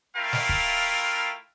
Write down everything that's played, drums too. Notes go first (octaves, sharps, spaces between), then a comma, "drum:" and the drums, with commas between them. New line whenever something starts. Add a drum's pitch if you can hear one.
A3 E4 F4 A#4 F5 G5
drum: snare
drum: kick